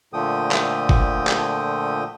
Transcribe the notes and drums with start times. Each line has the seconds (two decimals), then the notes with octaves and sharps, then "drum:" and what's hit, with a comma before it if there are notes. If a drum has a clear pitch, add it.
0.13 A#2 D3 F3 A3 G5 D#6
0.51 drum: clap
0.89 drum: kick F#1
1.27 drum: clap